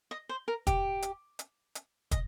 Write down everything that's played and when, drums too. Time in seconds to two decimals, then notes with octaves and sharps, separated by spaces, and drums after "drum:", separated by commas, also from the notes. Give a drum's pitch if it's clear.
0.11 D#5
0.29 C5
0.48 A#4
0.67 G4, drum: kick, hi-hat
1.02 drum: hi-hat
1.39 drum: hi-hat
1.75 drum: hi-hat
2.11 D#5, drum: kick, hi-hat